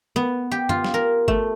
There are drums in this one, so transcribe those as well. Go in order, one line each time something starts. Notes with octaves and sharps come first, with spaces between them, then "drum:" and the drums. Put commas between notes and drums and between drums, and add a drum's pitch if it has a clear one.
B3
G4
F4, drum: tom
drum: snare
A#4
A3, drum: kick G1